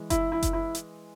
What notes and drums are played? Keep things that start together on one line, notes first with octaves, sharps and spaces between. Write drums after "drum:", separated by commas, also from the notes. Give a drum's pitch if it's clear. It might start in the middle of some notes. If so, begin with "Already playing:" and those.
Already playing: E3 G#3
E4, drum: kick F#1, hi-hat
E4
drum: kick F#1, hi-hat
E4
drum: hi-hat